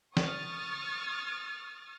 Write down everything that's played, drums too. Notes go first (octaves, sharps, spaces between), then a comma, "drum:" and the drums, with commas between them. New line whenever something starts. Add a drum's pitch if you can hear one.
C#6 D#6 F6 A6, drum: snare